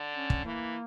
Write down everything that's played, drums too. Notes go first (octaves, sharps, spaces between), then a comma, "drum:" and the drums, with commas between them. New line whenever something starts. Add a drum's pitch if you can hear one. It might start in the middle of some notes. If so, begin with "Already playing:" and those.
Already playing: D3
C#4
drum: kick
E3 A#3